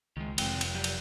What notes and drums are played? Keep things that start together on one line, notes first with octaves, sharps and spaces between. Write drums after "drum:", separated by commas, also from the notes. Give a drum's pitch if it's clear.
C#2 D#3 G#3
F1 G#3 C4 G5, drum: cymbal
drum: cymbal
F#3 G4 D5
drum: cymbal